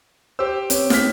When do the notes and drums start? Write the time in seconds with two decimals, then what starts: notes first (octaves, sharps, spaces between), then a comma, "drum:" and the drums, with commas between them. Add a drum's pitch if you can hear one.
0.39 G4 C5 E6
0.70 C4 B4 C#5, drum: hi-hat
0.90 F6 B6, drum: snare